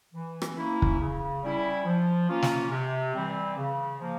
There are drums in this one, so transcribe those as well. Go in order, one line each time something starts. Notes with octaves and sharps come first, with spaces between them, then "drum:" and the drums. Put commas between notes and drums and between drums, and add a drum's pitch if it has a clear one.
E3
drum: rim click
A#3 C#4 E4
drum: kick
C#3
G3 C#4 E4
F3
A#3 C#4 F4
drum: snare
C3
E3 G3 C4
C#3
F3 A#3